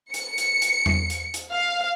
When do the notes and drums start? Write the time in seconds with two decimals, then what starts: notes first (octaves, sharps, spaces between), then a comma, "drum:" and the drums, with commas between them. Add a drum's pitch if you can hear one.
0.14 C#7, drum: hi-hat
0.38 drum: hi-hat
0.62 drum: hi-hat
0.86 drum: tom E2
1.10 drum: hi-hat
1.34 drum: hi-hat
1.52 F5